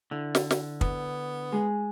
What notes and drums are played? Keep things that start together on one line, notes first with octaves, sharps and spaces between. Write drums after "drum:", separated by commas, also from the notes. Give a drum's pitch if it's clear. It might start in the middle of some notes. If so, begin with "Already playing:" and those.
D3 E4
drum: snare
drum: snare
B3, drum: kick
G#3 G#4